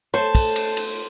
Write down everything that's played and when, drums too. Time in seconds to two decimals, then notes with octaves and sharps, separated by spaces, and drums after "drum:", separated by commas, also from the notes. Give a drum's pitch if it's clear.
0.14 A3 C5 C#5 A5
0.35 drum: kick, cymbal
0.56 drum: cymbal
0.77 drum: cymbal